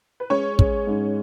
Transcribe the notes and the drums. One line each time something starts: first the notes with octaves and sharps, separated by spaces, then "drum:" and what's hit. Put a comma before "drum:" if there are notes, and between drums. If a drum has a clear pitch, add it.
B4
G#3 C#4 C#5
G#3, drum: kick
G#2